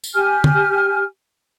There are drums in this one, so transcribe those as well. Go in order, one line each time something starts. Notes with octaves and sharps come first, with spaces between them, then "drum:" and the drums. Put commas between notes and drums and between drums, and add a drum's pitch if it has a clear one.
drum: tambourine
G4 G#5 F6
drum: tom D3